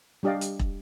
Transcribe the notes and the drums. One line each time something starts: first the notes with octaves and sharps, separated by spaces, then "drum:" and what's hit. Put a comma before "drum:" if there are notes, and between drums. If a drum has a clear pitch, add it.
G3 D4 G4 D5 D#5 F5
drum: hi-hat
drum: kick